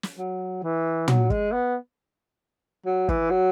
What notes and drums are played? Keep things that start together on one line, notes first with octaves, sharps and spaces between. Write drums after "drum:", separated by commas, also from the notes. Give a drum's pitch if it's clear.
drum: snare
F#3
E3
F#3, drum: tom
G#3, drum: kick
B3
F#3
E3, drum: kick
F#3